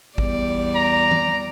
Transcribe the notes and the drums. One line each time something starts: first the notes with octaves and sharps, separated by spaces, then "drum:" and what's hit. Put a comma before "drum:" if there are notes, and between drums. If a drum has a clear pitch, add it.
E2 G3 D5, drum: kick
A#5
drum: tom E3